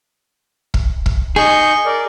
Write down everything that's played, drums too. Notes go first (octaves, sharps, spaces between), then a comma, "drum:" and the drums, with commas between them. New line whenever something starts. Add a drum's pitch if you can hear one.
drum: kick
drum: kick
D#4 G#4 C#6 G6
A#4 D5